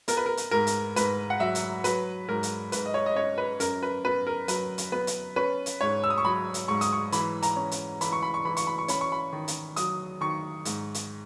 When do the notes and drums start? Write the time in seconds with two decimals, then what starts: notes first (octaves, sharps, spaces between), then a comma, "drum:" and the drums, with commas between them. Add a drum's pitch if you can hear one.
0.08 B3 A#4, drum: hi-hat
0.17 B4
0.26 A#4
0.37 drum: hi-hat
0.51 G#2 A#4
0.67 drum: hi-hat
0.96 G#2 B4, drum: hi-hat
1.30 F#5
1.40 F#3 E5
1.55 drum: hi-hat
1.84 F#3 B4, drum: hi-hat
2.28 G#2 A#4
2.43 drum: hi-hat
2.72 G#2 B4, drum: hi-hat
2.86 D#5
2.94 C#5
3.06 D#5
3.16 C#4 C#5
3.38 B4
3.60 F#2 A#4, drum: hi-hat
3.83 B4
4.05 B3 B4
4.27 A#4
4.48 F#3 B4, drum: hi-hat
4.78 drum: hi-hat
4.92 B3 B4
5.07 drum: hi-hat
5.36 C#4 B4
5.66 drum: hi-hat
5.81 G#2 C#5
6.04 E6
6.10 D#6
6.18 C#6
6.25 F#3 B5
6.54 drum: hi-hat
6.68 G#2 C#6
6.81 D#6, drum: hi-hat
6.92 C#6
7.12 E3 B5, drum: hi-hat
7.42 A#5, drum: hi-hat
7.56 C#4
7.71 drum: hi-hat
8.01 E3 B5, drum: hi-hat
8.12 C#6
8.22 B5
8.34 C#6
8.45 E3 B5
8.57 C#6, drum: hi-hat
8.67 B5
8.78 C#6
8.88 C#4 B5, drum: hi-hat
9.01 C#6
9.12 B5
9.33 D#3
9.48 drum: hi-hat
9.76 F#3 D#6, drum: hi-hat
10.21 D#3 C#6
10.65 G#2, drum: hi-hat
10.94 drum: hi-hat